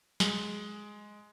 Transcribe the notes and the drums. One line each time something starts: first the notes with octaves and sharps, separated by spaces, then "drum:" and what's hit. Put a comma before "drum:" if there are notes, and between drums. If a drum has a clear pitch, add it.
G#3, drum: snare